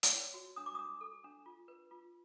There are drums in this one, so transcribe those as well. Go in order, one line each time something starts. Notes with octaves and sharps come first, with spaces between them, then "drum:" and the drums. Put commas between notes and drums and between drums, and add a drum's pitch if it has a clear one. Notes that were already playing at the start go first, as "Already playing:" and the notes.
drum: hi-hat
C#5
F#4
D4 D#6
D6
D4 D#6
A4
D4
F4
B4
F4